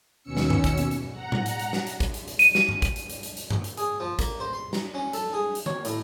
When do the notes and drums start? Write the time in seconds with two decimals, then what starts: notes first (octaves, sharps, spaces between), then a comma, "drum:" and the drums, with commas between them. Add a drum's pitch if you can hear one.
0.23 D#2 B2 C#4 E6 C#7
0.37 drum: snare
0.50 drum: tom F#2
0.64 drum: kick, hi-hat
0.78 drum: hi-hat
0.91 drum: hi-hat
1.11 F#5 A#5
1.32 drum: tom A2
1.46 drum: hi-hat
1.59 drum: hi-hat
1.73 drum: snare
1.87 drum: hi-hat
2.00 drum: kick, hi-hat
2.14 drum: hi-hat
2.28 drum: hi-hat
2.39 D#7, drum: hi-hat
2.55 drum: snare
2.69 drum: tom F#2
2.82 drum: kick, hi-hat
2.96 drum: hi-hat
3.10 drum: hi-hat
3.23 drum: hi-hat
3.37 drum: hi-hat
3.50 drum: tom F#2
3.64 drum: hi-hat
3.77 G#4, drum: hi-hat
4.00 F3
4.19 A#3, drum: kick, hi-hat
4.40 C5
4.53 C6
4.73 A#5, drum: snare
4.94 C#4
5.13 A4, drum: hi-hat
5.33 G#4
5.55 drum: hi-hat
5.66 C#5, drum: tom D3
5.85 A2, drum: hi-hat